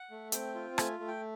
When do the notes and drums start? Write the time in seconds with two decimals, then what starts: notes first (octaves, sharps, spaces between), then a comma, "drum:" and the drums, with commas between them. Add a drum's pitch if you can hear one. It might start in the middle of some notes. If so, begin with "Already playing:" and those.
Already playing: F#5
0.11 A3
0.32 C4 G5, drum: hi-hat
0.55 F4
0.78 A3 G#5, drum: rim click
1.00 A3
1.08 G5